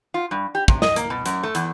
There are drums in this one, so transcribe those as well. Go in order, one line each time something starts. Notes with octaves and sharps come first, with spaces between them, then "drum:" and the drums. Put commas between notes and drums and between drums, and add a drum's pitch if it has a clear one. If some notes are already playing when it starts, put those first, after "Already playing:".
F4
G2
G4
C3, drum: kick
D#5, drum: snare
A#3, drum: hi-hat
B2
F#2, drum: hi-hat
A3
E2, drum: hi-hat